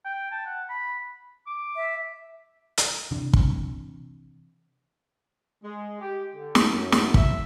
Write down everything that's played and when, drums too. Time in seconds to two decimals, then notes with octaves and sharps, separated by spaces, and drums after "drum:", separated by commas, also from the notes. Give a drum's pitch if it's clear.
0.05 G5
0.32 A5
0.46 F#5
0.70 B5
1.47 D6
1.76 E5
2.78 drum: hi-hat
3.11 C3 E3 D4
3.33 drum: kick
5.64 G#3
6.00 G4
6.34 D3
6.55 drum: snare
6.71 F#2
6.92 drum: snare
7.14 E5, drum: kick